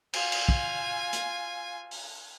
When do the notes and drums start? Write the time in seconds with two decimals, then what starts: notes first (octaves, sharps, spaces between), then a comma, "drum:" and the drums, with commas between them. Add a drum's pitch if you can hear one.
0.13 F4 G#5, drum: cymbal
0.32 drum: cymbal
0.49 drum: kick
1.13 drum: hi-hat
1.91 drum: open hi-hat